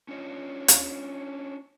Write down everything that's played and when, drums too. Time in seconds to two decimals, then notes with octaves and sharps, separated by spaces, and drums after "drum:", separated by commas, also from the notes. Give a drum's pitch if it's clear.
0.09 C#4 D4 F4 C#5 D#5
0.68 drum: hi-hat